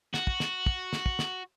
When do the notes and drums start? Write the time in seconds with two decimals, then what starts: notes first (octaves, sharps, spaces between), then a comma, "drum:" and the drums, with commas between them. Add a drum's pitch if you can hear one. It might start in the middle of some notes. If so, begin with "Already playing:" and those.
0.14 F#4, drum: snare
0.27 drum: kick
0.40 drum: snare
0.66 drum: kick
0.93 drum: snare
1.06 drum: kick
1.19 drum: snare